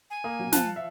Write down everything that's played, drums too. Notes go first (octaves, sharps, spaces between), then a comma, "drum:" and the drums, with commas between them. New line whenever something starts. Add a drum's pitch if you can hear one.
G#5
A#3 D#6
B2 F#3
F3 F5 A5 F#6 C#7, drum: snare
E5